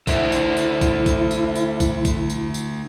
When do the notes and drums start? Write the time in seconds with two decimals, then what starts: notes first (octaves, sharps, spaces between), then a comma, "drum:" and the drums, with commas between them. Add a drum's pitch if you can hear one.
0.07 D2 E4 A4 C5 E5, drum: kick, tambourine
0.32 drum: tambourine
0.57 drum: tambourine
0.81 drum: kick, tambourine
1.06 drum: kick, tambourine
1.31 drum: tambourine
1.55 drum: tambourine
1.80 drum: kick, tambourine
2.05 drum: kick, tambourine
2.30 drum: tambourine
2.54 drum: tambourine